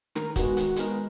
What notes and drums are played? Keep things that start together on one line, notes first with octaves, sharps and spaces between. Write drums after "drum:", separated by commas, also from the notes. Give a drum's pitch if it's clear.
D#3 A#4, drum: snare
G#3 B3 D#4 F#4 A#4, drum: kick, hi-hat
D#3, drum: hi-hat
G#3 B3 D#4 A#4, drum: hi-hat